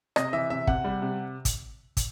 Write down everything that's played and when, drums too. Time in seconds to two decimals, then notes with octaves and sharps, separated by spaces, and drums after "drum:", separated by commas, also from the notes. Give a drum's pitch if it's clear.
0.16 C3 D#5, drum: rim click
0.33 E3 E5
0.50 C3 E5
0.67 C3 F#5, drum: kick
0.84 G3
1.02 C3
1.45 drum: kick, hi-hat
1.97 drum: kick, hi-hat